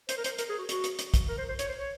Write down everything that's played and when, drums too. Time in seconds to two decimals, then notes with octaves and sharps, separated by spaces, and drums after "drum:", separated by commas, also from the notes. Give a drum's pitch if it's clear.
0.09 C5, drum: hi-hat
0.17 A#4
0.24 C5, drum: hi-hat
0.38 A#4, drum: hi-hat
0.49 G#4
0.59 F#4
0.69 F#4, drum: hi-hat
0.84 drum: hi-hat
0.99 drum: hi-hat
1.14 drum: kick, hi-hat
1.28 A#4
1.38 C5
1.49 C5
1.59 C#5, drum: hi-hat
1.68 C5
1.79 C#5